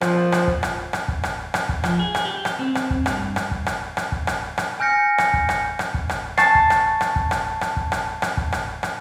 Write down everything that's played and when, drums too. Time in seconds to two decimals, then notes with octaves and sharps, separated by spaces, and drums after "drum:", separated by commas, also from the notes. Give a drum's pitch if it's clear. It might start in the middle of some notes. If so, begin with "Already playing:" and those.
0.01 F3, drum: rim click
0.32 drum: rim click
0.48 drum: kick
0.63 drum: rim click
0.93 drum: rim click
1.08 drum: kick
1.23 drum: rim click
1.54 drum: rim click
1.69 drum: kick
1.84 F3, drum: rim click
1.99 G#4
2.15 drum: rim click
2.25 G4
2.45 drum: rim click
2.59 C4
2.75 drum: rim click
2.91 drum: kick
3.06 G2, drum: rim click
3.36 drum: rim click
3.51 drum: kick
3.66 drum: rim click
3.97 drum: rim click
4.12 drum: kick
4.27 drum: rim click
4.58 drum: rim click
4.80 G#5 F6 G6 A#6 C#7
5.18 drum: rim click
5.34 drum: kick
5.49 drum: rim click
5.79 drum: rim click
5.94 drum: kick
6.09 drum: rim click
6.37 G#5 A5 C#6 A6 C7, drum: rim click
6.55 drum: kick
6.70 drum: rim click
7.01 drum: rim click
7.16 drum: kick
7.31 drum: rim click
7.61 drum: rim click
7.77 drum: kick
7.92 drum: rim click
8.22 drum: rim click
8.37 drum: kick
8.52 drum: rim click
8.83 drum: rim click